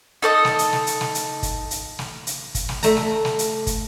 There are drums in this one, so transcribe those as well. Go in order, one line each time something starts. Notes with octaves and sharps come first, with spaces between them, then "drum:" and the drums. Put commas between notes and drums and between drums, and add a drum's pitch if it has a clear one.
D#4 A4 D5 D#5
drum: snare
drum: hi-hat
drum: snare
drum: hi-hat
drum: snare
drum: hi-hat
drum: kick, hi-hat
drum: hi-hat
drum: snare
drum: hi-hat
drum: kick, hi-hat
drum: snare
A3 A#5, drum: hi-hat
drum: snare
drum: snare
drum: hi-hat
drum: kick, hi-hat